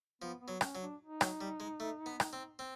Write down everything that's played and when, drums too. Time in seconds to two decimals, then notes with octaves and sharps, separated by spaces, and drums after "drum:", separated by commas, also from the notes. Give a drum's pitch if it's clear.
0.22 F3 B3
0.41 B3
0.48 F#3
0.61 C#4, drum: rim click
0.75 F#3
0.81 D4
1.01 D#4
1.21 F#3, drum: rim click
1.41 G3
1.60 G#3
1.80 A3
2.06 B3
2.20 drum: rim click
2.33 C4
2.59 C4